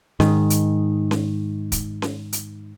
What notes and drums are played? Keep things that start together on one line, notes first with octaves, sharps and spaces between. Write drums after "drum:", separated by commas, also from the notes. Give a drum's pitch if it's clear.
G#2 D#3, drum: snare C#4
drum: hi-hat
drum: snare C#4
drum: kick, hi-hat
drum: snare C#4
drum: hi-hat